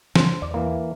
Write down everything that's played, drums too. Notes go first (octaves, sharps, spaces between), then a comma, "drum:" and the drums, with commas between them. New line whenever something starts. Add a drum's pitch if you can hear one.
C#3 D4 C5, drum: snare
E2 D5
E3 A#3